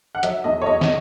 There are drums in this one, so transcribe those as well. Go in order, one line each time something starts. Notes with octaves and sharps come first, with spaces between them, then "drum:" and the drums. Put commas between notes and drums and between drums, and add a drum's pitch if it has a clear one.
F#5
F#3 E5, drum: hi-hat
E2 D#5
C#5
E2 D#5
drum: snare